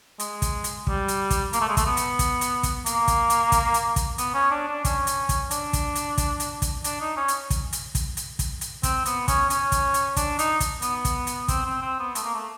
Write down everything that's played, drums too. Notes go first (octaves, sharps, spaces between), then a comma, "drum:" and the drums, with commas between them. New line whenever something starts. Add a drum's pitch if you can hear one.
G#3, drum: hi-hat
drum: kick, hi-hat
drum: hi-hat
G3, drum: kick
drum: hi-hat
drum: kick, hi-hat
A#3, drum: hi-hat
A3
G#3
A3, drum: kick, hi-hat
B3
drum: hi-hat
drum: kick, hi-hat
drum: hi-hat
drum: kick, hi-hat
A#3, drum: hi-hat
drum: kick, hi-hat
drum: hi-hat
drum: kick, hi-hat
drum: hi-hat
drum: kick, hi-hat
B3, drum: hi-hat
C#4
D4
D4
C#4, drum: kick, hi-hat
drum: hi-hat
drum: kick, hi-hat
D4, drum: hi-hat
drum: kick, hi-hat
drum: hi-hat
drum: kick, hi-hat
drum: hi-hat
drum: kick, hi-hat
D4, drum: hi-hat
D#4
C#4
drum: hi-hat
drum: kick, hi-hat
drum: hi-hat
drum: kick, hi-hat
drum: hi-hat
drum: kick, hi-hat
drum: hi-hat
C4, drum: kick, hi-hat
B3, drum: hi-hat
C#4, drum: kick, hi-hat
C#4, drum: hi-hat
drum: kick, hi-hat
drum: hi-hat
D4, drum: kick, hi-hat
D#4, drum: hi-hat
drum: kick, hi-hat
B3, drum: hi-hat
drum: kick, hi-hat
drum: hi-hat
C4, drum: kick, hi-hat
C4
C4
B3
A3, drum: hi-hat
A#3
A3